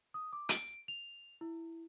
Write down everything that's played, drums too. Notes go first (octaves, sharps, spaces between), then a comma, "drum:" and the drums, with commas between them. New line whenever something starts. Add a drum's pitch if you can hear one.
D#6
D6
D7, drum: hi-hat
F7
E4